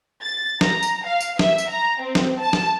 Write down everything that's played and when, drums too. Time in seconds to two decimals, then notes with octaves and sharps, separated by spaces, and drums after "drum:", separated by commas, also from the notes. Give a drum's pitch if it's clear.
0.22 A6
0.61 A#5, drum: snare
0.83 drum: tambourine
1.06 F5
1.20 drum: tambourine
1.39 E5, drum: snare
1.58 drum: tambourine
1.70 A#5
2.02 C4
2.15 drum: snare
2.40 A5
2.53 drum: snare